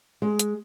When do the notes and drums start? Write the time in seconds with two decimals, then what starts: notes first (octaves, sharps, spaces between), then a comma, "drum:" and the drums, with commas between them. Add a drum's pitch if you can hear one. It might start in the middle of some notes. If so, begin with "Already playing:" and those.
0.22 G#3
0.39 drum: hi-hat